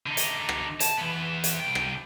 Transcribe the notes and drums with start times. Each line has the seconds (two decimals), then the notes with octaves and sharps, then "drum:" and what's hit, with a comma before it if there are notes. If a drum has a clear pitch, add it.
0.06 D3 D#4
0.17 drum: hi-hat
0.49 drum: rim click
0.80 A5, drum: hi-hat
0.97 E3 B3
1.44 drum: hi-hat
1.60 C2 G5
1.75 drum: rim click